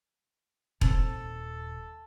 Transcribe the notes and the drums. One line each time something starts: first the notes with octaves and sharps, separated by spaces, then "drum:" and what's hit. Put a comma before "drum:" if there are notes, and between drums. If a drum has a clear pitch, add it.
D#1 C4 A4, drum: kick E1